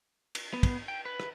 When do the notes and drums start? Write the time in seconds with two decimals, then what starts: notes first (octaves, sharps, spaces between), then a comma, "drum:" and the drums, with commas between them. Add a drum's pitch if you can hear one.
0.35 drum: cymbal
0.53 B3
0.63 drum: kick, cymbal
0.88 G5
1.05 B4
1.20 drum: rim click